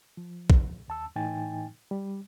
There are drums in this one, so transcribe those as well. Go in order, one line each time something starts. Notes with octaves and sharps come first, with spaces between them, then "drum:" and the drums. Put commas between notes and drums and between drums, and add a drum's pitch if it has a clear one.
F3
drum: kick
D#2 A5 E6
A2 E3 D#4 G5 G#5 A6
G3